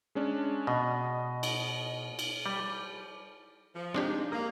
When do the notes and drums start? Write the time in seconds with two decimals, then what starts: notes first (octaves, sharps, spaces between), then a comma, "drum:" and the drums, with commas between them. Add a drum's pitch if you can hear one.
0.15 G#3 C#4 D4
0.67 B2 D#5
1.43 drum: cymbal
2.19 drum: cymbal
2.46 G3
3.74 F3
3.94 G#3 C4 D4 D#4 G4
4.32 A#3 A#4 D#6